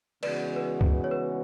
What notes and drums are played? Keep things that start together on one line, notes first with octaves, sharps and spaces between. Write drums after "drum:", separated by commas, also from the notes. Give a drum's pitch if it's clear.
C#3 E3 G#3 B3 F#4 B4 D5, drum: cymbal
B4
drum: kick C#2
C#5
B4